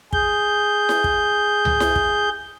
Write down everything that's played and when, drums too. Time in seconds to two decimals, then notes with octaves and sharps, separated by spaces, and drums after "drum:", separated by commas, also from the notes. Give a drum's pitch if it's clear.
0.13 G#4 G6, drum: kick
0.89 drum: snare E4
1.04 drum: kick
1.65 drum: tom C#2
1.80 drum: snare E4
1.96 drum: kick